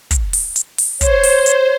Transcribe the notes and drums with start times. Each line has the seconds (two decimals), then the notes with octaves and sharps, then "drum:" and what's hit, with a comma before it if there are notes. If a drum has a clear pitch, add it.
0.11 drum: kick, hi-hat
0.33 drum: open hi-hat
0.56 drum: hi-hat
0.78 drum: open hi-hat
1.01 C5 C#5, drum: kick, hi-hat
1.23 drum: open hi-hat
1.46 drum: hi-hat